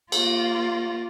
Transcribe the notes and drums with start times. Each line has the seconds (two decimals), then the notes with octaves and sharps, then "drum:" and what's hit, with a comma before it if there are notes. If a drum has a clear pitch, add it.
0.12 A#3 F4, drum: cymbal